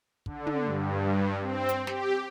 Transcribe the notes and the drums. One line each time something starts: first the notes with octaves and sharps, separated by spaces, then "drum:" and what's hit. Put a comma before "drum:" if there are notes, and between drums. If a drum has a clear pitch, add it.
D3, drum: kick
drum: tom
G2
C4
drum: hi-hat
G4, drum: snare